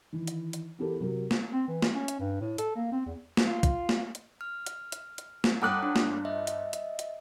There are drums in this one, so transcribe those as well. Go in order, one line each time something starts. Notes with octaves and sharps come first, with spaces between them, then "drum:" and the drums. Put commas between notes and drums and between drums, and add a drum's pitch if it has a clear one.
D#3 E3
drum: hi-hat
drum: hi-hat
E3 B3 E4 G4 A4 A#4
C3 F#3 F#4 A#4
drum: snare
C4
E3
drum: snare
C#4
drum: hi-hat
G2
A2
A4, drum: hi-hat
A#3
C4
E2
drum: snare
F4
drum: kick, hi-hat
drum: snare
drum: hi-hat
F6
drum: hi-hat
drum: hi-hat
drum: hi-hat
drum: snare
G1 F#5 G5 D6 D#6 F#6
D4
drum: snare
D#5 E5
drum: hi-hat
drum: hi-hat
drum: hi-hat